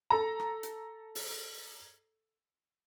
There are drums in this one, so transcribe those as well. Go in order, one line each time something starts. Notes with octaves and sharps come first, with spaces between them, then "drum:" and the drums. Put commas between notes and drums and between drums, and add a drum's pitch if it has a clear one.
A4 A#5
drum: rim click
drum: hi-hat
drum: open hi-hat